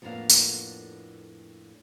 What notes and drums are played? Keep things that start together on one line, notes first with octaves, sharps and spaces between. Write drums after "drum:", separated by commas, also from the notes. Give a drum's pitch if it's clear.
F2 A2 A#3 B3 D4 F5
drum: tambourine